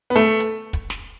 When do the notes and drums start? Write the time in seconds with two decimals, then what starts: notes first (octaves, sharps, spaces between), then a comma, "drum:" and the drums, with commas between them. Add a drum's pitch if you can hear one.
0.10 B3
0.16 A3
0.40 drum: hi-hat
0.73 drum: kick, hi-hat
0.90 drum: snare